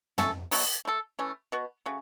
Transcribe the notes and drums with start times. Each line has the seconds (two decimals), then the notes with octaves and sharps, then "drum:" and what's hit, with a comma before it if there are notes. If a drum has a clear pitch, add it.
0.18 A3 C#4 A4, drum: tom
0.51 B2 F#3 B3, drum: open hi-hat
0.85 A3 E4 A4
1.19 E3 A3 C#4
1.52 B2 B3 F#4
1.86 C#3 A3 F#4